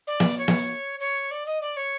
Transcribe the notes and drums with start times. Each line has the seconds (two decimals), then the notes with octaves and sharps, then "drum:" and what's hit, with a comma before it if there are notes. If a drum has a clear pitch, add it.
0.07 D5
0.20 drum: snare
0.38 C#5
0.48 drum: snare
0.99 C#5
1.30 D5
1.46 D#5
1.61 D5
1.76 C#5